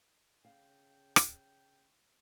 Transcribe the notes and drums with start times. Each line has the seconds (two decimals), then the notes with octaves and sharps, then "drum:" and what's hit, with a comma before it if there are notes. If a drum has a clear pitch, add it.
0.45 C#3 F5 G5
1.16 drum: rim click